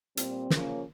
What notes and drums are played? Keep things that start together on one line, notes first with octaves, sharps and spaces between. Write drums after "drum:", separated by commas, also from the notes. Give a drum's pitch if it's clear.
A#2 G3 C4, drum: hi-hat
C#3 F3 A#3 C#4, drum: snare